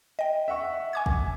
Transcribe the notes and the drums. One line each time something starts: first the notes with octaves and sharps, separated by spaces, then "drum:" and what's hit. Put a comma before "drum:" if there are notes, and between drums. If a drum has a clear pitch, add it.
D#5 G5
E5 F#5 C#6
G#5 D6 G#6
drum: kick